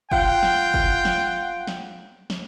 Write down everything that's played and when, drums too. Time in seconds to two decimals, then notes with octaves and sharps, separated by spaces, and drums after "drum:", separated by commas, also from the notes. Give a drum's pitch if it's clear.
0.12 F4 F#5 G5, drum: kick
0.43 drum: snare
0.74 drum: kick
1.05 drum: snare
1.67 drum: snare
2.30 drum: snare